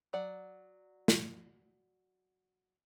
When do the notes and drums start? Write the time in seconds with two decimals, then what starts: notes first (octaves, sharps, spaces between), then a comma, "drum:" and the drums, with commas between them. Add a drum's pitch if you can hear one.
0.13 F#3 D5 F#5
1.08 drum: snare